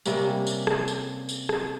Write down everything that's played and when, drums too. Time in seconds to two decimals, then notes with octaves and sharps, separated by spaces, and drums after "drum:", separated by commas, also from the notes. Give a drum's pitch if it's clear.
0.05 C3 G3 A#3 C#4, drum: tambourine
0.47 drum: tambourine
0.67 drum: rim click
0.88 drum: tambourine
1.29 drum: tambourine
1.49 drum: rim click